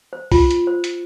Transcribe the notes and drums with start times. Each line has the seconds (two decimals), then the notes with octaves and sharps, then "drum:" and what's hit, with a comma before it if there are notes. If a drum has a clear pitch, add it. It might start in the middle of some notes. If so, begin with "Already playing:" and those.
0.13 C5
0.32 F4, drum: kick B1, open hi-hat
0.51 drum: hi-hat
0.67 C5
0.84 drum: hi-hat